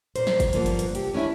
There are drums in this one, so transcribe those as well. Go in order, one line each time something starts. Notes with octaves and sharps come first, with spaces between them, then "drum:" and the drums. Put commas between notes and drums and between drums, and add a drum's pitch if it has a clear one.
A#2 A#3 C5, drum: hi-hat
drum: snare F3
drum: kick, hi-hat
G2 D3 F3 A#3 B3, drum: hi-hat
drum: hi-hat
drum: hi-hat
C3 G4, drum: hi-hat
A3 C#4 D4 E4